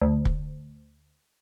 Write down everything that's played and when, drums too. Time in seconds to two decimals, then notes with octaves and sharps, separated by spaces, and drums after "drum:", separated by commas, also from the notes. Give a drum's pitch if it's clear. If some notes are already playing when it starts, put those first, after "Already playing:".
0.01 D2
0.25 drum: kick